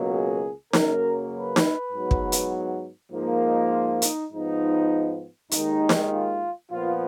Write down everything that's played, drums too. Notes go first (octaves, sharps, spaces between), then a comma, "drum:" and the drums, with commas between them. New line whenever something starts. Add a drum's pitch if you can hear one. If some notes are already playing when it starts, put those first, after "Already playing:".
Already playing: C#2 B2 F#3 A#3
G#4
F#2 C#3 F#3 A#3 A#4, drum: snare D#4
B4
drum: snare D#4
G#2 F#3 B3
drum: kick
drum: hi-hat
G#2 F3 A#3
D#4
F4
D#4, drum: hi-hat
G#2 F3 B3 D#4
D#2 D#3 G#3 D#4, drum: hi-hat
drum: snare D#4
F4
A#2 F3 B3 F4